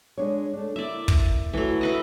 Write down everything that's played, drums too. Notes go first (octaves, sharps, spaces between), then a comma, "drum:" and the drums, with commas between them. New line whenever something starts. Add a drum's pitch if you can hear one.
G#3 D4 C#5
A3 D4
A#3 E4 D5 E5
drum: kick
E3 F#3 A3
E4 B4 D#5